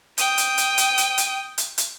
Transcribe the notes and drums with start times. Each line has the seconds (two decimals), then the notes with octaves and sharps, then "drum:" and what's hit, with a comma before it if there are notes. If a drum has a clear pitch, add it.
0.18 G5 D#6, drum: hi-hat
0.38 drum: hi-hat
0.58 drum: hi-hat
0.78 drum: hi-hat
0.98 drum: hi-hat
1.18 drum: hi-hat
1.58 drum: hi-hat
1.78 drum: hi-hat